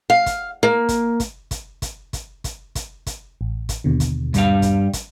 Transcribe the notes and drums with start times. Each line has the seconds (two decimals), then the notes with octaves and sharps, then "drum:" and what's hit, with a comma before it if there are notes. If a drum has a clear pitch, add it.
0.10 F5
0.26 drum: kick, hi-hat
0.63 A#3
0.89 drum: kick, hi-hat
1.20 drum: kick, hi-hat
1.51 drum: kick, hi-hat
1.82 drum: kick, hi-hat
2.13 drum: kick, hi-hat
2.44 drum: kick, hi-hat
2.75 drum: kick, hi-hat
3.07 drum: kick, hi-hat
3.41 A1
3.69 drum: kick, hi-hat
3.84 D#2 B2 D3
4.00 drum: kick, hi-hat
4.34 G2 G3 F5, drum: kick, hi-hat
4.62 drum: kick, hi-hat
4.93 drum: kick, hi-hat